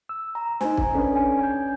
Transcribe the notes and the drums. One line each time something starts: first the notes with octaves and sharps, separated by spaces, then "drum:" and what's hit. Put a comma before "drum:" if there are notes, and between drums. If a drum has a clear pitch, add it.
E6
A#5
D#4 C5 G#5, drum: snare
drum: kick
C#4 D4 A4 B4 C#5
G#5
C#4 G#5 G6